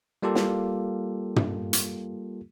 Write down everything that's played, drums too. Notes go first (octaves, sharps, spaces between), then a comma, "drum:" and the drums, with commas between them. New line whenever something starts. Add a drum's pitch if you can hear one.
G3 A#3 F4 G4 A4
drum: snare
drum: tom
drum: hi-hat